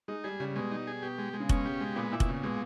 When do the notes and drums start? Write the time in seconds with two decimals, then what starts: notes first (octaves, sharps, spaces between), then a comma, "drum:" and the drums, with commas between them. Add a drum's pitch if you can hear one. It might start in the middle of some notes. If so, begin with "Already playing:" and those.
0.08 G#3 D#4
0.24 G3 G#4
0.40 C#3 G3
0.56 B2 G#3
0.72 D#4
0.87 G#4
1.02 B2 G4
1.18 G#3
1.33 G#3
1.40 C#3
1.49 B2 C#4, drum: kick F1
1.66 G4
1.81 G#3
1.96 A#2 B3
2.12 A#2 E4
2.20 B2, drum: kick F1
2.29 C#3
2.43 B2 G#3